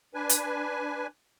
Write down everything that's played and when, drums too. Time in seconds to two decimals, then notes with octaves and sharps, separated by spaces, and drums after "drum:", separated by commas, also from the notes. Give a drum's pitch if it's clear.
0.14 D4 B4 G#5
0.29 drum: hi-hat